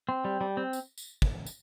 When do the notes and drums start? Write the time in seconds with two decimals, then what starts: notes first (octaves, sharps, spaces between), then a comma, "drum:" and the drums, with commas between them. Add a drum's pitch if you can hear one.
0.09 C4
0.25 G3
0.41 G3
0.57 C4
0.73 drum: tambourine
0.98 drum: tambourine
1.22 drum: kick
1.46 drum: tambourine